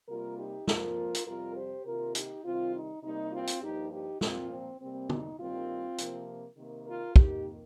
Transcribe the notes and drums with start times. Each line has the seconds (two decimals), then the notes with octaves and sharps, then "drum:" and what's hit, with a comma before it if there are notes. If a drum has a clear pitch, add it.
0.09 C3 G3 A#3 F4 A#4
0.38 D#4 G4
0.68 F2 F3 A#3 F4 A#4, drum: snare
1.15 drum: hi-hat
1.26 F2 C3 G3 F4 A#4
1.56 G4 C5
1.85 C3 D#3 A#3 F4 A#4
2.15 D#4 G4, drum: hi-hat
2.45 C3 D#3 G3 C4 F4
2.74 D#4
3.03 C3 G3 A#3 D#4
3.33 C4 F4
3.47 drum: hi-hat
3.62 G2 F3 A#3 D#4 G4
3.92 D#4 G4
4.21 A#2 F3 A#3 C4 F4, drum: snare
4.51 C4
4.80 C3 G3 A#3 C4
5.10 D#4, drum: tom
5.39 G2 D#3 G3 A#3 C4 F4
5.98 C3 F3 A#3, drum: hi-hat
6.57 C3 D#3 A#3
6.87 F4 A#4
7.16 F2 D#3 A#3 D#4 G4, drum: kick